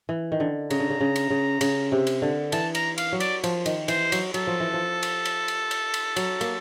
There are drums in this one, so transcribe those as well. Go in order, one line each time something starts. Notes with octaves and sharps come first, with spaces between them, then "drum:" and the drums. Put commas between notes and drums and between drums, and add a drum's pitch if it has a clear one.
E3
D#3
D3
C#3 A#5, drum: cymbal
D3
C#3
C#3
drum: cymbal
C#3
C#3, drum: cymbal
C3
drum: cymbal
D3
E3 A5, drum: cymbal
A#5, drum: cymbal
F5, drum: cymbal
F#3
D5, drum: cymbal
F3, drum: cymbal
D#3, drum: cymbal
E3 C5, drum: cymbal
F#3, drum: cymbal
F#3 A4, drum: cymbal
F3
E3
F3
drum: cymbal
drum: cymbal
drum: cymbal
drum: cymbal
drum: cymbal
F#3, drum: cymbal
A#3, drum: cymbal